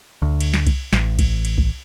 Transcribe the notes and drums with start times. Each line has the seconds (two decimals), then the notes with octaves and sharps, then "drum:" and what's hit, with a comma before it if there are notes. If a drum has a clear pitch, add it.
0.22 D2
0.41 drum: cymbal
0.54 drum: snare
0.67 drum: kick C2, cymbal
0.93 A1, drum: snare
1.19 drum: kick C2, cymbal
1.45 drum: cymbal
1.58 drum: kick C2